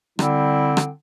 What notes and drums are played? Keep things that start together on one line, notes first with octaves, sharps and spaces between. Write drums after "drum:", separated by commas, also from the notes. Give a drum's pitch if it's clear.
D3 G3 C4 E4, drum: rim click
drum: rim click